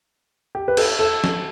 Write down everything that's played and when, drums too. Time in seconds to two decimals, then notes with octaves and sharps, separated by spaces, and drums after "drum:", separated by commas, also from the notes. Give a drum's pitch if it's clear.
0.55 G4
0.68 B4
0.77 A4, drum: cymbal
0.99 A4
1.24 drum: snare